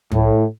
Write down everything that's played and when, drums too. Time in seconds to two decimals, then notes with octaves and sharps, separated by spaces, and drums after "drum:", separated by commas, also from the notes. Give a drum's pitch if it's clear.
0.12 A2, drum: tom